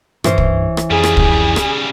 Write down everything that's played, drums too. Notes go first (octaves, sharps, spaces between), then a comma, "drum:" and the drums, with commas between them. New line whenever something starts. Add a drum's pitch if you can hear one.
G2 E3 C#4 C5, drum: rim click
drum: kick
drum: rim click
F2 C#3 G3 G#4
drum: rim click
drum: kick
drum: rim click